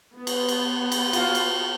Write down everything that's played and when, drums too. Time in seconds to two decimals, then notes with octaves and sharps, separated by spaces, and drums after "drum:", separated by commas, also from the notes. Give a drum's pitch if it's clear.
0.16 B3
0.27 drum: cymbal
0.49 drum: cymbal
0.92 drum: cymbal
1.13 F4 F#4 F5, drum: cymbal
1.35 drum: cymbal